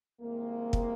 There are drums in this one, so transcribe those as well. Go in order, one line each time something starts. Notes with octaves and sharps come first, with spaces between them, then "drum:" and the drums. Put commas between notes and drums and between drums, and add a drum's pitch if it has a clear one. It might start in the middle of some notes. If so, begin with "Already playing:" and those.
C2 C3 D#3 G#3 A#3
drum: kick